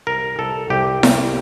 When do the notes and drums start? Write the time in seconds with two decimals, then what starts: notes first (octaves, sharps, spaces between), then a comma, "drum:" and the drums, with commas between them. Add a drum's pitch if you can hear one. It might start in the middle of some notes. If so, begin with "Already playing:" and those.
0.07 C2 A#4
0.39 C2 A4
0.70 C2 G4
1.03 C2, drum: snare E4